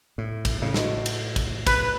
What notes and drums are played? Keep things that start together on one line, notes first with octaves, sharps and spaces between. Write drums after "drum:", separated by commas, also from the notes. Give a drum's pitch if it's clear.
A2
drum: kick, cymbal
A2 C#3
F#4 A4 D#5, drum: snare
drum: cymbal
drum: kick, cymbal
B4, drum: kick, cymbal